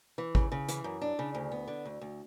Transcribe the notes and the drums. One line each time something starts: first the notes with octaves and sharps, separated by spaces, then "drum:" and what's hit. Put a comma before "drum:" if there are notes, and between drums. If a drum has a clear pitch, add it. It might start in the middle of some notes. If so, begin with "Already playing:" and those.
E3
C#3, drum: kick G#1
C#3
E3, drum: hi-hat
F#2
D4
C#3
D2
B3
D3
D2
D2